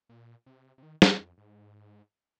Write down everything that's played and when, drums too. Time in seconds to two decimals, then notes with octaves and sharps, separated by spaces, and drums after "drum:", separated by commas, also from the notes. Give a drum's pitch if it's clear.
0.09 A#2
0.46 C3
0.78 C3
0.83 D#3
1.02 G#2, drum: snare
1.20 F2
1.37 G#2